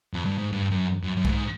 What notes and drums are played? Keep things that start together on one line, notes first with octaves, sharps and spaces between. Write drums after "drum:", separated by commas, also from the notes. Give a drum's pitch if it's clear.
F2
G2
G#2
G2
F#2
F#2
F#2
G2, drum: kick
G#2